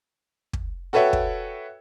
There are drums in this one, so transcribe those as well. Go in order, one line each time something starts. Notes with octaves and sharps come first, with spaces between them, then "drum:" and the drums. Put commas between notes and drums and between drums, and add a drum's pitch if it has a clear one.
drum: kick
F#4 A4 B4 C#5 E5 G5
drum: kick